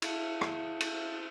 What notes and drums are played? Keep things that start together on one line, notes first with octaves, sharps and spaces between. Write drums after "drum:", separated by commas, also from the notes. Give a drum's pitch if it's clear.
E4 G#4 E5 F5 A5, drum: cymbal
drum: rim click
drum: cymbal